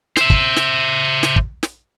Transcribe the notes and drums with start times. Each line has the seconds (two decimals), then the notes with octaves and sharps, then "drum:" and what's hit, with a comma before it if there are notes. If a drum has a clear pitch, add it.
0.17 C5 E5, drum: snare
0.30 drum: kick
0.56 drum: snare
1.23 drum: snare
1.36 drum: kick
1.63 drum: snare